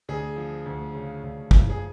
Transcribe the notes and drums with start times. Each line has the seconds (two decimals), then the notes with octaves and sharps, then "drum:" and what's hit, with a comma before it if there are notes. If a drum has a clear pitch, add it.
0.09 D2 G#4
0.36 F3
0.66 D2
0.94 C#3
1.23 D2
1.51 F3, drum: kick
1.69 G#4